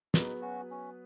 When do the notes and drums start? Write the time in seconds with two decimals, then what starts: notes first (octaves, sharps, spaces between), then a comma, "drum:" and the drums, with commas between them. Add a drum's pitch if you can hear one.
0.14 F#3 B3 D#4 G#4 B4, drum: snare
0.41 C#4 F#4
0.70 C#4